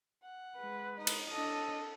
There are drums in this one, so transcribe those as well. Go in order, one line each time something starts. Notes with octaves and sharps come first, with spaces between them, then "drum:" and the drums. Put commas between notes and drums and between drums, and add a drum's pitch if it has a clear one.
F#5
G#3 B4
D#4 D#5
drum: cymbal
D4 A4 D#5